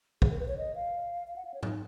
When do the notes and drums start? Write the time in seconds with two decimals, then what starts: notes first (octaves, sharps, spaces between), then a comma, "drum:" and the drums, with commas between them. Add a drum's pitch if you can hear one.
0.22 G#4, drum: kick
0.31 A#4
0.40 B4
0.48 C#5
0.58 D#5
0.75 F5
1.27 F5
1.36 F#5
1.45 F5
1.54 C#5
1.63 D#4, drum: tom G#2